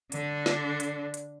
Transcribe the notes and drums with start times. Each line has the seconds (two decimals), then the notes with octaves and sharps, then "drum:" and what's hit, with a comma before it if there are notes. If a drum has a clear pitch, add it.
0.12 D3 D4, drum: hi-hat
0.46 drum: snare
0.80 drum: hi-hat
1.14 drum: hi-hat